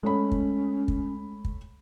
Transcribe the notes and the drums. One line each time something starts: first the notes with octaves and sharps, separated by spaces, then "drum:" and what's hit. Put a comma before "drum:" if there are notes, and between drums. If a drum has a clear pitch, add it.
G#3 A3 C#4 C#5 B5
drum: kick
drum: kick
drum: kick